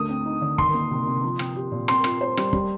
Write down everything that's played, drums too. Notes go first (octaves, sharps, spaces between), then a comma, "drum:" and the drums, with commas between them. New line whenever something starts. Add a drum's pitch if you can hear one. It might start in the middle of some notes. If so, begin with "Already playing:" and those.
Already playing: D2 A3 D#6
C4
D#4
D3
D#3 C6, drum: kick
A#3
C3
C3
F3
C4, drum: rim click
G4
A#2
C4 C6, drum: rim click
F4, drum: rim click
C5
G3, drum: rim click
G3, drum: kick